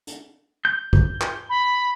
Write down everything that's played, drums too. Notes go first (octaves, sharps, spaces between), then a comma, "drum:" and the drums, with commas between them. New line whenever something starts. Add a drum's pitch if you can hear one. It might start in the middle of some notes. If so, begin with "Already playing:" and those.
drum: hi-hat
G6
drum: kick
drum: clap
B5